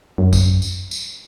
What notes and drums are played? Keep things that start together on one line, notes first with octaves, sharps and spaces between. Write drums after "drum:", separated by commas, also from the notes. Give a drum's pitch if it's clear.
F#2
drum: kick A#1, tambourine
drum: tambourine
drum: tambourine